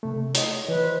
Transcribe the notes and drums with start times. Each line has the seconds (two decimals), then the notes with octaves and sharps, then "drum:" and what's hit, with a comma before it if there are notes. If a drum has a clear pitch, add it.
0.03 C3 A3
0.34 C#5 D#5, drum: hi-hat
0.69 E3 B4
0.84 C5